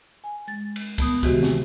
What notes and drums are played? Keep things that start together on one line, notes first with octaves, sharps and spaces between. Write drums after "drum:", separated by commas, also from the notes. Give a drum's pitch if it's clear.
G#5
G#3 A6
drum: cymbal
A3 B3 D#6, drum: kick C#2, cymbal
C3 D#3 E3 G#3 F#4 G4, drum: kick C#2, cymbal
drum: snare